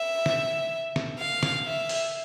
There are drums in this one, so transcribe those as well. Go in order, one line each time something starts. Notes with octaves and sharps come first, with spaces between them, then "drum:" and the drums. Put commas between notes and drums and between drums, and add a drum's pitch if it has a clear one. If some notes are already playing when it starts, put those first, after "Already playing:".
Already playing: E5
drum: snare
drum: snare
F5
drum: snare
E5
drum: open hi-hat